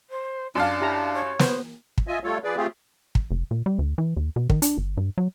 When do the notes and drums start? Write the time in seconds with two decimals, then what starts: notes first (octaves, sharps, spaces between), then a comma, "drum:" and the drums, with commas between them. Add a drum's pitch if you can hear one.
0.10 C5
0.55 F#2 D4 F5 A5
0.81 E4 G4 A#5
1.14 C#5
1.39 B3 C5, drum: snare
1.98 drum: kick
2.07 F4 D#5 E5 G#5
2.23 G3 A3 F4 A4 C#5
2.44 F3 G#4 B4 D5
2.56 A3 C4 F4 G4 G#4
3.15 drum: kick
3.31 F1
3.51 A#2
3.66 G3
3.79 D2
3.98 E3
4.17 D#2
4.36 B2
4.50 D#3, drum: kick
4.62 D4, drum: hi-hat
4.78 G1
4.97 G2
5.18 F#3